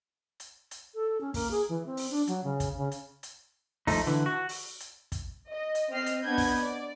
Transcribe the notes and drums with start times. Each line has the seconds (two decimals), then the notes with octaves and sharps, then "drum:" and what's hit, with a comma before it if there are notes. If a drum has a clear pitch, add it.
0.40 drum: hi-hat
0.71 drum: hi-hat
0.95 A4
1.21 C#4
1.34 A#3, drum: kick, open hi-hat
1.51 G#4
1.69 E3
1.86 C4
1.97 drum: open hi-hat
2.11 D4
2.27 F#3, drum: hi-hat
2.44 C#3
2.60 drum: kick, hi-hat
2.77 C#3
2.91 drum: hi-hat
3.23 drum: hi-hat
3.87 F3 A3 D#4, drum: kick, open hi-hat
4.07 D3 E3
4.26 F#4
4.49 drum: open hi-hat
4.80 drum: hi-hat
5.12 drum: kick, hi-hat
5.51 D#5
5.75 drum: hi-hat
5.91 C4 D#5 F6 C7
6.06 drum: hi-hat
6.24 B3 D4 D#5 B5 G6 G#6
6.38 drum: kick, open hi-hat
6.62 D5